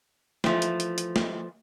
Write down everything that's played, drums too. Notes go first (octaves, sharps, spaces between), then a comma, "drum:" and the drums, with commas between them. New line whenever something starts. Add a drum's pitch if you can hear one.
E3 F3 A3, drum: snare
drum: hi-hat
drum: hi-hat
drum: hi-hat
drum: snare